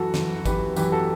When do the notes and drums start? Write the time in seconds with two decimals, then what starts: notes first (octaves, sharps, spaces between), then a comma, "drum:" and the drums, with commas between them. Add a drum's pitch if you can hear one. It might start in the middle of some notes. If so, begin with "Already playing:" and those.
Already playing: F#2 E3 F#4 A4
0.14 F#2 E3, drum: snare
0.46 F#2 E3 G4 B4, drum: kick G#1, tambourine
0.76 F#2 E3 G4 B4, drum: tambourine
0.92 F#4 A4